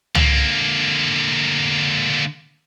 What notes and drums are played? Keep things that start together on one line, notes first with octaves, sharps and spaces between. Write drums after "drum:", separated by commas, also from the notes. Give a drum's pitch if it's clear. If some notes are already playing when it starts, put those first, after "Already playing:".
D3 A#3, drum: tom